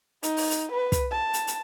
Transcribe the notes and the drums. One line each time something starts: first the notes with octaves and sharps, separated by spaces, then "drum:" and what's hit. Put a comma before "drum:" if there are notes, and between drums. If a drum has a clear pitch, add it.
D#4, drum: hi-hat
drum: open hi-hat
drum: hi-hat
B4
drum: kick, hi-hat
A5
drum: hi-hat
drum: hi-hat